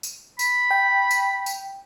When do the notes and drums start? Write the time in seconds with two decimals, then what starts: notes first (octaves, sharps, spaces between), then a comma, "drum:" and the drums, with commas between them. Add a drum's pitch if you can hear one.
0.03 drum: tambourine
0.39 B5, drum: tambourine
0.71 G5
1.11 drum: tambourine
1.46 drum: tambourine